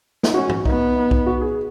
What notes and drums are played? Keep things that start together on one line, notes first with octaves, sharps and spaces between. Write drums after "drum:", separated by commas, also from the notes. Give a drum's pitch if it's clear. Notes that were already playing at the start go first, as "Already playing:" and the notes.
D#4, drum: snare
C#4 F#4
F#4, drum: tom G#2
B3 D#4, drum: kick B1
D#4
D#4, drum: kick B1
F#4
G#4